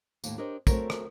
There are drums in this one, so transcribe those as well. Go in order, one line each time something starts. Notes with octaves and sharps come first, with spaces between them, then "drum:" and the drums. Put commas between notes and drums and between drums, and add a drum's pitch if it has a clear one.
D#2 A2, drum: tambourine
D4 G4 A#4 C5 C#5 D#5
A3 C4 D#4 F#4 A#4 C#5, drum: kick, tambourine
drum: rim click